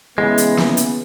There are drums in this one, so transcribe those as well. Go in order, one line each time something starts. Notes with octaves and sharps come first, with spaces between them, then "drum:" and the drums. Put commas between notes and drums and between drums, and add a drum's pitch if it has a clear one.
C#3 E3 G#3 B3
drum: hi-hat
drum: snare
drum: hi-hat